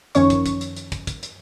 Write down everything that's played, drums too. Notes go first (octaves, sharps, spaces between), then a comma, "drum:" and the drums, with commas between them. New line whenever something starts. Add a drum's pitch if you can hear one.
F#2 D#3 F3 C#4 C#5 C#6, drum: hi-hat
drum: kick, hi-hat
drum: kick, hi-hat
drum: hi-hat
drum: hi-hat
drum: kick, hi-hat
drum: kick, hi-hat
drum: hi-hat